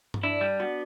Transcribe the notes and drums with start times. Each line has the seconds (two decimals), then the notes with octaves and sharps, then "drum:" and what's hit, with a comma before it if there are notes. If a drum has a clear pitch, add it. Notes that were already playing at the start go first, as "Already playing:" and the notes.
0.14 drum: tom G2
0.23 D4 E4
0.41 G3
0.60 B3 F#4